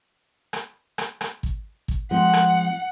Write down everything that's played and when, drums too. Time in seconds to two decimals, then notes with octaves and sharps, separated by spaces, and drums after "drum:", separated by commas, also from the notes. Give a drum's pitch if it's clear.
0.53 drum: rim click
0.98 drum: rim click
1.21 drum: rim click
1.43 drum: kick
1.88 drum: kick
2.11 F3 G#3 C4 F#5
2.33 drum: rim click